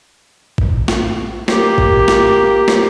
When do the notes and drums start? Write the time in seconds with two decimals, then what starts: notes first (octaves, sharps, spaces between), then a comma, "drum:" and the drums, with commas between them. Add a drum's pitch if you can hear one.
0.58 drum: kick A1
0.88 drum: snare
1.48 A#3 G4, drum: snare
1.78 drum: kick A1
2.08 drum: snare
2.68 drum: snare